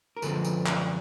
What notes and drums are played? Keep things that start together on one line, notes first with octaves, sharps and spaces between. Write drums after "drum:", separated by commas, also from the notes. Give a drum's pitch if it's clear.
A#4
F#2 D3 F3 G#3 C4 A4 B4, drum: tambourine
drum: tambourine
drum: clap